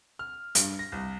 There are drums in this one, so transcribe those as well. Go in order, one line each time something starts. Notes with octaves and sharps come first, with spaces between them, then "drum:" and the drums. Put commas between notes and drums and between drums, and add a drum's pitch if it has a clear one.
F6
G2, drum: hi-hat
A#6
C2